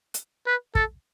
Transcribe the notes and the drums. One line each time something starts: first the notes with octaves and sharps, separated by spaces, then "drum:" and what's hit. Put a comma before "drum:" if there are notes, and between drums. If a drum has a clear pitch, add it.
drum: hi-hat
B4
A4, drum: kick